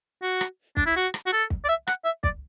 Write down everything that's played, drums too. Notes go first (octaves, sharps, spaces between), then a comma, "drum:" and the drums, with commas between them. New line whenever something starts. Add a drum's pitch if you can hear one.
F#4
drum: rim click
D4, drum: kick
E4
F#4
drum: rim click
F#4
A4
drum: kick
D5
E5
F#5, drum: rim click
E5
D5, drum: kick